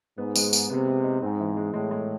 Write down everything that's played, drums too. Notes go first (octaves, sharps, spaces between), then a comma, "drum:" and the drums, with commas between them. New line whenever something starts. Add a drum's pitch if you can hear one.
G#2 B3
G#3, drum: tambourine
B3, drum: tambourine
C3 B3
G#3
D#4
G#2 C4
E3
G#3
A2 G#3
G#3